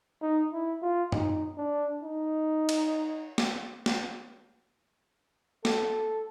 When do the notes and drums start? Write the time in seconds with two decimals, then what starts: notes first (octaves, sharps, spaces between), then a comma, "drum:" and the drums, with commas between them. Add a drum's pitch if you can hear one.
0.22 D#4
0.52 E4
0.82 F4
1.12 D#4, drum: tom F#2
1.58 D4
2.03 D#4
2.69 drum: cymbal
3.38 drum: snare
3.86 drum: snare
5.65 A4, drum: snare